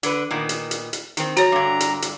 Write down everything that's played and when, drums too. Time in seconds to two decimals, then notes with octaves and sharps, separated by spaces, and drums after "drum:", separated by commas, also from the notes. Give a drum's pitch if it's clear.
0.03 D3 B4, drum: hi-hat
0.31 A#2 D#3 B3
0.49 drum: hi-hat
0.71 drum: hi-hat
0.93 drum: hi-hat
1.17 D#3 C4, drum: hi-hat
1.37 F#4 C#5 A#5, drum: hi-hat
1.52 G2 D3
1.80 drum: hi-hat
2.02 drum: hi-hat